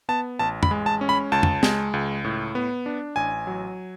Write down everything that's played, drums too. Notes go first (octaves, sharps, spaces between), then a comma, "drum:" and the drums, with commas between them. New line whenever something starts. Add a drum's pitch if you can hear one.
B3 A5
A1 A5
B5, drum: tom
G#3
A5
C#4
B5
C#2 A5
drum: tom
G#3, drum: snare
C#2
A2
B3
D4
A1 G#5
F#3